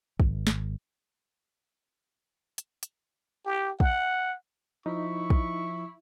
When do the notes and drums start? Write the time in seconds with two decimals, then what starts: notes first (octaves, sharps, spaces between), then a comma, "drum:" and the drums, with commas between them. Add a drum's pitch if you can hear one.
0.20 G#1, drum: kick
0.47 drum: snare
2.58 drum: hi-hat
2.83 drum: hi-hat
3.46 G4
3.80 F#5, drum: kick
4.86 F3 D#4 E4 C#6
5.30 drum: kick